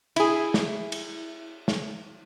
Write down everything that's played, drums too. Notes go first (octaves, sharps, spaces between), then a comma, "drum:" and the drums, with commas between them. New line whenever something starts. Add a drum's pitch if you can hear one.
E4 G#4, drum: cymbal
drum: snare
drum: cymbal
drum: snare